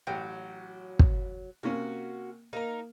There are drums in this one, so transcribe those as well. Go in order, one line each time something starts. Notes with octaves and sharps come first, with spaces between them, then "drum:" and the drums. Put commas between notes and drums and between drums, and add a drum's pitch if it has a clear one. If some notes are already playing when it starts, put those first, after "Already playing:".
A1 F#3 G5
drum: kick
C3 A#3 C#4 F#4
A#3 D#4 A#4